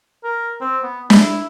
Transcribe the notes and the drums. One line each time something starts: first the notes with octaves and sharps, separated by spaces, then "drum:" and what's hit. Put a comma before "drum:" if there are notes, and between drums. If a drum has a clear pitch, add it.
A#4
C4
B3
E4, drum: snare